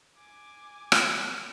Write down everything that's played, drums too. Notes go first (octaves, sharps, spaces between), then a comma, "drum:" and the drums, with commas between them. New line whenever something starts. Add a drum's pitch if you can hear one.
G#5 D6
drum: rim click